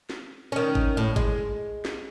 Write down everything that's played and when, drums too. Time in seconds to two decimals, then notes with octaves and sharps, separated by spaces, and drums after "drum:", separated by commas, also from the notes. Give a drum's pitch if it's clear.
0.10 drum: snare
0.52 D#3 C#4
0.75 drum: kick G#1
0.97 A2
1.16 G#3, drum: kick G#1
1.85 drum: snare